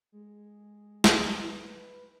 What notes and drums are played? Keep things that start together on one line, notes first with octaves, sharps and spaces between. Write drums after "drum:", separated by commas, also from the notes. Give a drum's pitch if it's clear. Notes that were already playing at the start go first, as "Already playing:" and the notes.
G#3
drum: snare
B4